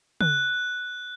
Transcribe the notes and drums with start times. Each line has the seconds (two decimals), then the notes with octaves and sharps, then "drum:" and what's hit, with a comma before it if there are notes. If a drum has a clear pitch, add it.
0.21 F#6, drum: tom